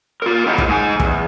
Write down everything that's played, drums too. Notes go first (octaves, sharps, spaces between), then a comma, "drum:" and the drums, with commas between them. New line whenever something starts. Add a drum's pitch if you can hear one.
F4 A#4
B3 D4 E4 F#4 D#5 G5
drum: kick
G#2 G#5
E2 G2, drum: kick